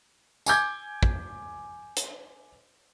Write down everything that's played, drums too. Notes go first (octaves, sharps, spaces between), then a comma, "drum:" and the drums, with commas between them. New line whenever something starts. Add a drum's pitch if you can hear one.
G#5 D6 G6 G#6, drum: tambourine
drum: kick
drum: hi-hat